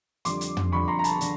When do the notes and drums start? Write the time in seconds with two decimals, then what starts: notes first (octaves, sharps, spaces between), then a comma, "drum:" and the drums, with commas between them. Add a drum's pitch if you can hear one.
0.25 F2 D3 G3 C6 D6, drum: hi-hat
0.41 drum: hi-hat
0.57 drum: tom
0.72 F2 D3 G3 B5 C#6
0.88 A#5 C6
0.99 A#5
1.04 A5 B5, drum: hi-hat
1.21 D3, drum: hi-hat